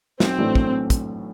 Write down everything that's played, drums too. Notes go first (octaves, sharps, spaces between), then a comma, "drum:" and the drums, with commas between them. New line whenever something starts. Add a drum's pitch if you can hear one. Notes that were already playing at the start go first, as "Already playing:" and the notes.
B1 C4, drum: snare
A2 E3 A3 D4
drum: kick
drum: kick, hi-hat